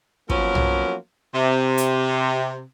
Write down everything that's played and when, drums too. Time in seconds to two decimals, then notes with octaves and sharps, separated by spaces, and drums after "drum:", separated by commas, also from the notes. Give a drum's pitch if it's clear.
0.30 F3 F#3 A#3 B3 C#4 A#4, drum: kick
0.55 drum: tom B1
1.34 C3
1.78 drum: hi-hat